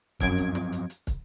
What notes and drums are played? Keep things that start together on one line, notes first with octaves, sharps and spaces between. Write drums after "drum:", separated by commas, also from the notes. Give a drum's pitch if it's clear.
F#2 F3 F#3 C4 G#6 D7, drum: kick, hi-hat
drum: hi-hat
drum: snare
drum: hi-hat
drum: hi-hat
drum: kick, hi-hat